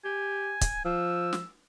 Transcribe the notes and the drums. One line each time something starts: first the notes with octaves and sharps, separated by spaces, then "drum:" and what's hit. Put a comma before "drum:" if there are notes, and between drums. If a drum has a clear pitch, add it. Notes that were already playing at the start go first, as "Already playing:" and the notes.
G4 G#5
drum: kick, hi-hat
F3 E6
drum: snare